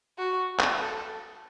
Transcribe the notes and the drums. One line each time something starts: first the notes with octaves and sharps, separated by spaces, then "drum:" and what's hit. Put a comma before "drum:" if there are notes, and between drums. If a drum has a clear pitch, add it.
F#4
drum: clap
A4